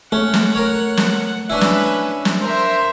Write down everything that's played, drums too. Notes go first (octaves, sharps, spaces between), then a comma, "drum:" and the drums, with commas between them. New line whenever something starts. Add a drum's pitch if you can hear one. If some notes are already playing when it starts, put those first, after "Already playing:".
A3 C#4 F#5
drum: snare
A#4 C#5
drum: snare
C#4 D4 E4 B4
drum: snare
drum: snare
A#4 C5 E5